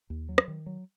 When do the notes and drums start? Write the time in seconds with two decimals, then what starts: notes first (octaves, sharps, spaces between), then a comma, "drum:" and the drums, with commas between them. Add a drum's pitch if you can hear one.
0.10 D#2
0.29 F#3
0.38 drum: rim click
0.48 D#3
0.66 F#3